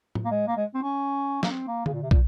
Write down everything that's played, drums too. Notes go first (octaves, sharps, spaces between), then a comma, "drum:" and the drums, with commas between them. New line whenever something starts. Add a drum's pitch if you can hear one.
drum: tom A2
A#3
G#3
A#3
G#3
C4
C#4
A#3, drum: snare
C4
A#3
C#3, drum: tom D3
A#2
C3
A#2, drum: kick